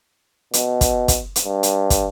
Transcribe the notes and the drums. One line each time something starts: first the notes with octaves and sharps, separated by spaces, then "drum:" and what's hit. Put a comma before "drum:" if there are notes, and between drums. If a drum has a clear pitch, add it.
B2, drum: hi-hat
drum: kick, hi-hat
drum: kick, hi-hat
drum: hi-hat
G2
drum: hi-hat
drum: kick, hi-hat